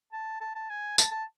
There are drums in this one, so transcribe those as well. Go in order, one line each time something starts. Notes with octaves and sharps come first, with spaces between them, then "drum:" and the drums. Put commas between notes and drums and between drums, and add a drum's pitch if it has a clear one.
A5
A5
A5
G#5
A5, drum: tambourine
A5